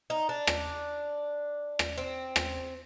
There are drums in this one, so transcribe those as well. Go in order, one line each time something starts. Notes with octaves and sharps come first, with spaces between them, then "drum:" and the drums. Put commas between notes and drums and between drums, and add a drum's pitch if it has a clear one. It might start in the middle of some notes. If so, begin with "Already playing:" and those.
D#4
D4
drum: rim click
drum: rim click
C4
drum: rim click